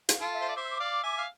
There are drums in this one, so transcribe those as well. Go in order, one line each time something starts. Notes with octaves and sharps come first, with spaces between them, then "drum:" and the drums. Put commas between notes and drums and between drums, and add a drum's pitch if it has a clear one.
F5, drum: hi-hat
F4 A4
E5
C5
D5
C5 E5 D6
E6
D6
D5 F5
E5 G#5
F5